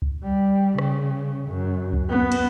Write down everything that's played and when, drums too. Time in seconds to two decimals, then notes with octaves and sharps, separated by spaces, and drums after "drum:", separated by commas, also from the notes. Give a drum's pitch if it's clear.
0.02 drum: kick C#2
0.24 G3
0.79 C#3, drum: rim click
1.48 F#2
1.93 drum: kick C#2
2.09 B3
2.32 drum: cymbal